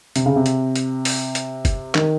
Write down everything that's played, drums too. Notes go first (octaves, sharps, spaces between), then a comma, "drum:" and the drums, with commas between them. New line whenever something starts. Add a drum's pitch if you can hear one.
C3, drum: hi-hat
C#3
C3
drum: hi-hat
drum: hi-hat
drum: open hi-hat
drum: hi-hat
drum: kick, hi-hat
D#3, drum: clap